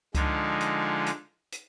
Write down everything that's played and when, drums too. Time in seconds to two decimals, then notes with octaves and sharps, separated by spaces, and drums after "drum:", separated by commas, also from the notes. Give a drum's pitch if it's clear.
0.15 D3 F3 G#3 D#4, drum: kick C#2, hi-hat
0.60 drum: hi-hat
1.06 drum: hi-hat
1.52 drum: hi-hat